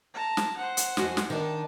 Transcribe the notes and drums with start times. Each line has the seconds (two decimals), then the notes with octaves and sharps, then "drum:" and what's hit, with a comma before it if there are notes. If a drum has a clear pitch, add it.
0.14 A5 A#5
0.37 drum: snare
0.57 C5 F#5
0.77 drum: hi-hat
0.97 F2 F#4 G#5, drum: snare
1.17 drum: snare
1.30 D#3 D4 D#4 A5